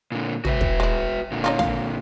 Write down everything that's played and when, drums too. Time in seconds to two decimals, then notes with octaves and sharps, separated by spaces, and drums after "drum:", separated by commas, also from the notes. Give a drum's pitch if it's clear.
0.12 A#2 D3
0.45 F#4 B4 E5, drum: tom
0.61 drum: kick
0.80 G#3 E4
1.32 A#2 D3
1.44 C#4 D#4 F4
1.59 F5, drum: snare